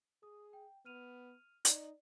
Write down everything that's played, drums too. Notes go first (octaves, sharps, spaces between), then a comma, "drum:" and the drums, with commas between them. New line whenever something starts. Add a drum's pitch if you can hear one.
G#4 D#6
G5
B3 F6 D#7 F7
D#4 D5, drum: hi-hat